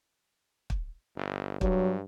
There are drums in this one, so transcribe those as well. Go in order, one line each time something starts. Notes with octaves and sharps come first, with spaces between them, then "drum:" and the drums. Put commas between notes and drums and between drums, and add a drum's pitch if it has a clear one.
drum: kick
G1
G2 F#3, drum: kick